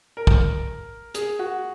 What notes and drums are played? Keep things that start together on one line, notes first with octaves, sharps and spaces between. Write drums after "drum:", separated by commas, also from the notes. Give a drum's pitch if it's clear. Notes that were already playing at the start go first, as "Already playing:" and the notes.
A#4
drum: kick
G#4, drum: hi-hat
F#4